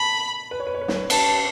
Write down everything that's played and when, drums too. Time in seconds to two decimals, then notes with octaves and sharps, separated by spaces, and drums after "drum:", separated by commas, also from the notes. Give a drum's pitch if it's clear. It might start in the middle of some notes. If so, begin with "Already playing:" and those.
Already playing: A5 B5
0.51 B4
0.60 C#5
0.67 B4
0.74 C#5
0.81 B4
0.88 C#5, drum: snare
0.96 B4
1.04 C#5
1.10 B4 A5, drum: cymbal
1.18 C#5
1.25 B4